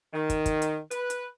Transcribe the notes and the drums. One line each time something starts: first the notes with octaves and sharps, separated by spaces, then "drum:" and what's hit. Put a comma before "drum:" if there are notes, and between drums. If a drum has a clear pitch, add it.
D#3
drum: kick, hi-hat
drum: kick, hi-hat
drum: hi-hat
B4, drum: hi-hat
drum: hi-hat